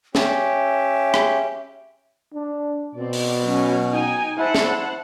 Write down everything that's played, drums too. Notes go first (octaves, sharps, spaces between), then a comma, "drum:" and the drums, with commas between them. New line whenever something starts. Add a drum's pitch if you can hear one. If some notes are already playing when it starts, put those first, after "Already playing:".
C#4 G4 E5, drum: snare
drum: rim click
D4
B2 C4 D5
drum: open hi-hat
F#3 C#4
D#4 G5 G#5
E4 C5 F#5 A5
drum: snare